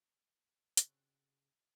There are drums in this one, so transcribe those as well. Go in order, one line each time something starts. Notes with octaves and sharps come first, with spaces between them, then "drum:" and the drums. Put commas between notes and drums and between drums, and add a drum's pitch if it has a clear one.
C#3 C4 D4 F#4, drum: hi-hat